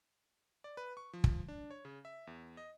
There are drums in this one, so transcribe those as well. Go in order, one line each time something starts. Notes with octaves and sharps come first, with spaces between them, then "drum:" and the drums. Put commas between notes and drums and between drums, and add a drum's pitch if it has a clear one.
D5
B4
C#6
F3
drum: kick
D4
C#5
C#3
E5
E2
D#5